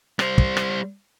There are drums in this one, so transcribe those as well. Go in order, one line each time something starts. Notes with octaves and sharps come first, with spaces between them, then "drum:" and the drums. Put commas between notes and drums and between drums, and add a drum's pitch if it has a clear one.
G3 C5, drum: rim click
drum: kick
drum: rim click